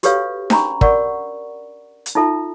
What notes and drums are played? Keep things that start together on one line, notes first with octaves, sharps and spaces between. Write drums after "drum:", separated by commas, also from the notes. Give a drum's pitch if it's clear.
F#4 G4 A4 B4 C#5 F5, drum: hi-hat
C#4 D4 A#5 B5 C#6, drum: snare D#4
A#4 D5 F#5 B5 C#6, drum: kick
drum: hi-hat
D#4 F4 A4 E5 A5